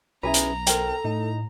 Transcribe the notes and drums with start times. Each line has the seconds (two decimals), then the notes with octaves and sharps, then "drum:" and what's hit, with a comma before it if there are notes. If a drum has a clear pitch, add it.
0.23 B1 C#4 E4 G#4 B4 A#5
0.34 drum: hi-hat
0.67 A4 A#4 C5 G5, drum: hi-hat
1.04 A2 D#4